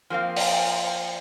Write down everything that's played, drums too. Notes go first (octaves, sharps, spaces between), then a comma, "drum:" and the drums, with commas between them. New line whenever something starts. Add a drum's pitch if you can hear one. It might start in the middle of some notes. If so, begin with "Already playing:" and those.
F3 A#3 C4 F5
drum: open hi-hat